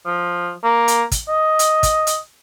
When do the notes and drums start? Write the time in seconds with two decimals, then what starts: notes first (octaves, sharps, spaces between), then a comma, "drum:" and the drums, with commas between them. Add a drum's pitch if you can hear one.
0.06 F3
0.64 A#3
0.88 drum: hi-hat
1.12 drum: kick, hi-hat
1.28 D#5
1.59 drum: hi-hat
1.83 drum: kick, hi-hat
2.07 drum: hi-hat